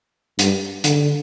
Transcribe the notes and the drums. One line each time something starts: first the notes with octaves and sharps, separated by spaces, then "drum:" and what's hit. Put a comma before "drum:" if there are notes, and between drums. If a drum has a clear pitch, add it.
G2, drum: hi-hat
D3, drum: hi-hat